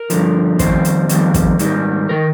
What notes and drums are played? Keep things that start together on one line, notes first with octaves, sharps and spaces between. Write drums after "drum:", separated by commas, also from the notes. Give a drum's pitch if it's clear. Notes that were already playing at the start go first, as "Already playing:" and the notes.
Already playing: A#4
G2 D3 F3, drum: hi-hat
F2 D#3 G3 C5, drum: kick, hi-hat
drum: hi-hat
F2 D#3 G3, drum: hi-hat
drum: kick, hi-hat
G#2 D#3 G3, drum: hi-hat
D#3 A#4